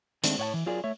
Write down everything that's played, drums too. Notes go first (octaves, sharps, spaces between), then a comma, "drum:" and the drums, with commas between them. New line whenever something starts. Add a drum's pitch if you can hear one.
D#3 G#3 A3 C4 D4, drum: hi-hat
A2 C#5 F#5 A5
E3
F#3 F4 G#4 A#4 D5
A3 C#5 E5